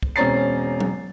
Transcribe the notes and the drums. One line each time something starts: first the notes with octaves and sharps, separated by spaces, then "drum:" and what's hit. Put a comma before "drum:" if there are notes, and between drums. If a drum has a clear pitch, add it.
drum: kick
E1 C4 C#4 A#5 A6 C7
drum: tom F#3